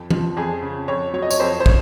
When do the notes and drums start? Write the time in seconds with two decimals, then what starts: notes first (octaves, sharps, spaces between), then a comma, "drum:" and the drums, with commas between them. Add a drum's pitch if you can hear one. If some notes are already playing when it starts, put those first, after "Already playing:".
Already playing: F2
0.11 F3, drum: tom
0.37 F2 G#4
0.62 C#3
0.88 F2 C#5
1.14 F#3 C#5
1.22 D#5
1.31 C#5, drum: tambourine
1.40 F2 C5
1.60 C5
1.66 C#3 C#5, drum: kick